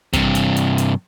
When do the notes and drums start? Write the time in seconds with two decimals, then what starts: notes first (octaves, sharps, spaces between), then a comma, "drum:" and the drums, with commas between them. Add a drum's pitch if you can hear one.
0.13 G2 C3, drum: kick, hi-hat
0.35 drum: hi-hat
0.56 drum: hi-hat
0.78 drum: hi-hat